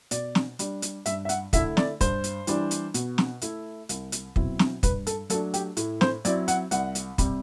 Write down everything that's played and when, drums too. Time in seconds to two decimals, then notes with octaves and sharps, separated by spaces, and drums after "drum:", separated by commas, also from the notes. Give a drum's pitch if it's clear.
0.11 B2 D5, drum: hi-hat
0.35 drum: snare
0.59 G3 D4, drum: hi-hat
0.82 drum: hi-hat
1.06 G2 E5, drum: hi-hat
1.25 E5
1.29 F#5, drum: hi-hat
1.53 D3 A3 E4 E5, drum: kick, hi-hat
1.77 D5, drum: snare
2.01 G2 C5, drum: kick, hi-hat
2.24 drum: hi-hat
2.47 E3 G3 D4, drum: hi-hat
2.71 drum: hi-hat
2.94 B2, drum: hi-hat
3.18 drum: snare
3.42 A3 E4, drum: hi-hat
3.89 C2, drum: hi-hat
4.12 drum: hi-hat
4.36 B2 F#3 C4 E4, drum: kick
4.59 drum: snare
4.83 G2 B4, drum: kick, hi-hat
5.07 A4, drum: hi-hat
5.30 F#3 A3 D4 A4, drum: hi-hat
5.54 G4, drum: hi-hat
5.77 A2, drum: hi-hat
6.01 C5, drum: snare
6.25 F#3 C4 E4 D5, drum: hi-hat
6.48 F#5, drum: hi-hat
6.71 C2 F#5, drum: hi-hat
6.95 drum: hi-hat
7.18 C3 G3, drum: kick, hi-hat